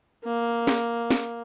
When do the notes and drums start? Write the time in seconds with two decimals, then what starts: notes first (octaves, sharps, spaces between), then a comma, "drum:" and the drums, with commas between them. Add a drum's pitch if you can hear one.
0.24 A#3
0.67 drum: snare
1.11 drum: snare